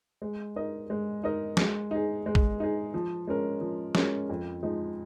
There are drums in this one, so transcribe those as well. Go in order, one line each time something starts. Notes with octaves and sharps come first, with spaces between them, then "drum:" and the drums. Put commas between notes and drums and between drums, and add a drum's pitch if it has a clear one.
G#3
D#4 A#4 D#5
G#3
D#4 A#4 D#5
G#3, drum: snare
D#4 G#4
G#3
drum: kick
D#4 G#4
F3
G#3 C#4 A#4
F3
G#3 C#4 A#4, drum: snare
F2
F3 G#3 D#4